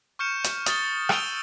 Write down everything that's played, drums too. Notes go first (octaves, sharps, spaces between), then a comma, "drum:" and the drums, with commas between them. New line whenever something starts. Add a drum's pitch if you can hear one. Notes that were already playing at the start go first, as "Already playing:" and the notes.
C#6 F6 G6 C#7 E7
drum: hi-hat
D#6 A6 G7, drum: hi-hat
D#6 E6 D7 D#7 F7 G7, drum: rim click